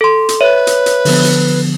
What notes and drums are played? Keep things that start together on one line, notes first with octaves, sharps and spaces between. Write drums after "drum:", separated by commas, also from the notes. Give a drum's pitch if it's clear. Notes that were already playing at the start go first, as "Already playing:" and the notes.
A4 C6
drum: hi-hat
B4 C#5 E5
drum: hi-hat
drum: hi-hat
D3 F3 B3, drum: open hi-hat
drum: hi-hat